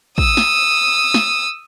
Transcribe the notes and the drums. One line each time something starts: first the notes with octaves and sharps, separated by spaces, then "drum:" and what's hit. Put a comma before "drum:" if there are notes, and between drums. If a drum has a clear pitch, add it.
D#6 E6, drum: kick
drum: snare
drum: snare